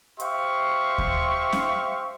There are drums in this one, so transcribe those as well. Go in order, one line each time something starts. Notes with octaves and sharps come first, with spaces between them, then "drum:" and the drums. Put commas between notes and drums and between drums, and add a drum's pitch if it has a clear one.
G4 C5 E5 F5 C6 C#6, drum: hi-hat
drum: kick D#2
drum: snare C#4